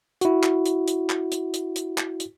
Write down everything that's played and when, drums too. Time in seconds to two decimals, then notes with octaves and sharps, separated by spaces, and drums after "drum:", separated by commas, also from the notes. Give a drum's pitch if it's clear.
0.21 E4 F#4, drum: hi-hat
0.43 drum: clap
0.66 drum: hi-hat
0.88 drum: hi-hat
1.10 drum: clap
1.32 drum: hi-hat
1.54 drum: hi-hat
1.76 drum: hi-hat
1.98 drum: clap
2.20 drum: hi-hat